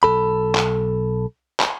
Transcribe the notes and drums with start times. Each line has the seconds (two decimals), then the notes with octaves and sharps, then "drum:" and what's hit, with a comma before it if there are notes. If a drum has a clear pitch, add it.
0.03 B1 G#2 A4 B5
0.55 drum: clap
1.60 drum: clap